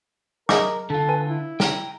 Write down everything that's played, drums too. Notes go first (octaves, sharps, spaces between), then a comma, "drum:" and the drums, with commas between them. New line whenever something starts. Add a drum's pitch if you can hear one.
G#4 A#4 D#5 E5 A5 D6, drum: snare
D3 F4 A4
B4 G#5
E4
G5 A#5, drum: snare